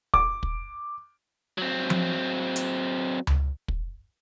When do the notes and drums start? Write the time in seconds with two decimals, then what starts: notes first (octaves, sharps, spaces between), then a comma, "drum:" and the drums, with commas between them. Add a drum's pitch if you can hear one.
0.14 D6, drum: kick
0.43 drum: kick
1.58 F#3 C4
1.90 drum: tom F3
2.56 drum: hi-hat
3.27 drum: tom C#2
3.68 drum: kick